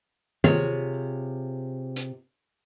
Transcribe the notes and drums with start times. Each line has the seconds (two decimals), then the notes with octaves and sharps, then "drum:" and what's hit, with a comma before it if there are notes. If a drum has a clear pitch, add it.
0.44 C3 F4 G#4 C#5, drum: tom D#3
1.96 drum: hi-hat